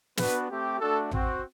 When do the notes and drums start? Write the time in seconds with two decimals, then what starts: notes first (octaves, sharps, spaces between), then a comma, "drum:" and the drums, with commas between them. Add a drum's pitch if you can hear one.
0.17 B3 D4 F#4 B4, drum: snare
0.49 A3 C4 G4
0.80 A3 D4 F#4 A4
1.11 C4 F#4, drum: tom A1